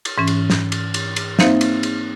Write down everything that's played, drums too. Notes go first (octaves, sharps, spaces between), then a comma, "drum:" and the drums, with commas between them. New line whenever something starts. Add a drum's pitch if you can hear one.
drum: cymbal
G#2 E3 C#4
drum: cymbal
drum: snare
drum: cymbal
drum: cymbal
drum: cymbal
A#3 C4 D#4 C5 E5 F5, drum: snare
drum: cymbal
drum: cymbal